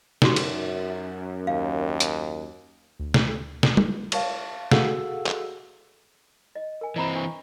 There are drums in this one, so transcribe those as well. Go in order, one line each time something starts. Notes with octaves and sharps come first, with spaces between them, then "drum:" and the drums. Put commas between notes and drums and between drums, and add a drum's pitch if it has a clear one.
F#2 D#4 F#4 G4, drum: snare
drum: cymbal
D#2 F5
drum: hi-hat
D2
drum: snare
drum: snare
drum: tom G3
F5 A5 C#6, drum: cymbal
F#4 G#4 A4 F5 F#5 E6, drum: snare
drum: clap
D#5
A#4 G#5
E3 C4 D#5 A#5 B5
D4 C#6